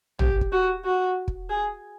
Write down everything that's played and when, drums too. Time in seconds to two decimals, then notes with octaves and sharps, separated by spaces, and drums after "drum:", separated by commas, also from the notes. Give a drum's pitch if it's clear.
0.19 G4, drum: tom
0.41 drum: kick
0.52 F#4
0.85 F#4
1.28 drum: kick
1.49 G#4